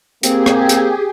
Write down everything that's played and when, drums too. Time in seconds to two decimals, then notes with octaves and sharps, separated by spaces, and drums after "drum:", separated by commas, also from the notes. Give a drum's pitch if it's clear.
0.23 A#3 C4 G4 G#4, drum: hi-hat
0.46 drum: rim click
0.69 drum: hi-hat